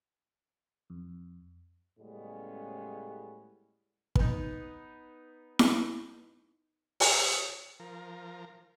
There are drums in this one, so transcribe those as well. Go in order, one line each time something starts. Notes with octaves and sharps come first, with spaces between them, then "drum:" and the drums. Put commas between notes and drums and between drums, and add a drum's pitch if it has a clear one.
F2
A2 C#3 G3 G#3 B3 C#4
B3 D#4, drum: kick
drum: snare E4
drum: open hi-hat
F3 A#4